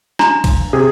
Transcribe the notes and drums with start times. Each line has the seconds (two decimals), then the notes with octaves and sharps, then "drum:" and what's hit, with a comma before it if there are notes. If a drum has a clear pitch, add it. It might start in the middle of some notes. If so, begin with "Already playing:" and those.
0.19 D4 A#5 C6, drum: rim click
0.44 drum: kick A#1, cymbal
0.73 C3 G#4